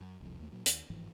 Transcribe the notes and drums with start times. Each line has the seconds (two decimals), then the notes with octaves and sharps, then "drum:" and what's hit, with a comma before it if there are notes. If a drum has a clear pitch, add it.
0.01 F#2
0.20 E1 C2 F2
0.40 D#2 A3
0.52 A#2 F#3
0.66 D#2, drum: hi-hat
0.90 G1 G#2 E3 F3